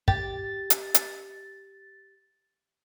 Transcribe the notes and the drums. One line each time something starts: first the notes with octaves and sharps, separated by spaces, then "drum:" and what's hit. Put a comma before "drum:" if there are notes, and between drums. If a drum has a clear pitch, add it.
G4 A6, drum: kick
drum: hi-hat
drum: hi-hat